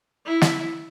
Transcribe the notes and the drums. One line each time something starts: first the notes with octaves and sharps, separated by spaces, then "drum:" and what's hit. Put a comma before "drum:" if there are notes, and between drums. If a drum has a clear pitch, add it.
E4
drum: snare